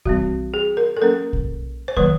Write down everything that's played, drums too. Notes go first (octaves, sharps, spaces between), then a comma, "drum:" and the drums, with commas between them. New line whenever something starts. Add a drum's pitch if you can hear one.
E3 G3 C4 F#4, drum: kick
G#4
A#4
A4
F#3 A#3 C#4 A#4
drum: kick
C5
D#3 F#3 A#3 B4, drum: kick